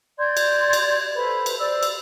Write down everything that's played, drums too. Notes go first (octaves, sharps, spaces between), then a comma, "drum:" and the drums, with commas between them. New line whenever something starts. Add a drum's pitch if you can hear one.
D5 C6 G6 G#6
drum: cymbal
drum: cymbal
A4 B4 C5 B5
drum: cymbal
C5 D5 E6
drum: cymbal